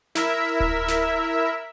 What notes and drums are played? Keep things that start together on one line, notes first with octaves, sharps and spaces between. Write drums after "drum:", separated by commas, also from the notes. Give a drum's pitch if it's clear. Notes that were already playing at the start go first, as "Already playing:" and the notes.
E4 A#4 E5, drum: snare
drum: kick D1
drum: snare